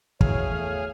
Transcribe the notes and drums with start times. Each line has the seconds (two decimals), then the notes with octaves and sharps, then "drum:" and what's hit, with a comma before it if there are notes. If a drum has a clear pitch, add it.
0.21 E2 B2 G#4 C#5 E5 F5, drum: kick
0.51 A3 C#5